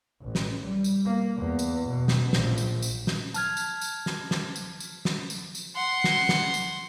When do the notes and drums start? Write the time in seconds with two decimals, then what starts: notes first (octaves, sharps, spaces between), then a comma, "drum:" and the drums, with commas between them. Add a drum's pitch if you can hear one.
0.23 A1
0.35 drum: snare
0.65 G3
0.84 drum: tambourine
1.06 A#3
1.37 E2
1.59 drum: tambourine
1.88 B2
2.08 drum: snare
2.33 A#1, drum: snare
2.58 drum: tambourine
2.82 drum: tambourine
3.07 drum: snare
3.34 A5 F6 G#6, drum: tambourine
3.57 drum: tambourine
3.81 drum: tambourine
4.06 drum: snare
4.31 drum: snare
4.56 drum: tambourine
4.80 drum: tambourine
5.05 drum: snare
5.30 drum: tambourine
5.55 drum: tambourine
5.76 F#5 C6
6.04 drum: snare
6.29 drum: snare
6.54 drum: tambourine